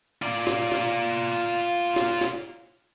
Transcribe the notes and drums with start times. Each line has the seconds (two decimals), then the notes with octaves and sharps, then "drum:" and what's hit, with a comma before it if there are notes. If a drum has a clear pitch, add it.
0.22 F4 D5
0.47 drum: snare
0.72 drum: snare
1.96 drum: snare
2.21 drum: snare